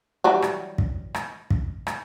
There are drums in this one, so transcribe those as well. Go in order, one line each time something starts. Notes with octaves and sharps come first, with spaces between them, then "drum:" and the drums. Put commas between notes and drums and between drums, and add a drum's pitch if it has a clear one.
E3 F#3 G3
drum: rim click
drum: kick
drum: rim click
drum: kick
drum: rim click